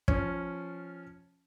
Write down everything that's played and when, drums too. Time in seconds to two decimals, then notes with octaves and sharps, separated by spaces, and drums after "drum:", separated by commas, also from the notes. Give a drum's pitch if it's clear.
0.08 F3 C#4, drum: kick